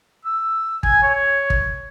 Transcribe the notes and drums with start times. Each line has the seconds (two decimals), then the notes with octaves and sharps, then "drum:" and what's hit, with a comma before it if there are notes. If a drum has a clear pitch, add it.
0.25 E6
0.83 G#5, drum: kick
1.03 C#5
1.50 drum: kick